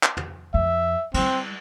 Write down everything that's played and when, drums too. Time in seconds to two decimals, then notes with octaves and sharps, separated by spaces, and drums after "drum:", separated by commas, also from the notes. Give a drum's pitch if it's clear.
0.03 drum: clap
0.17 drum: tom
0.54 F2 E5
1.14 G3 C4 E4, drum: cymbal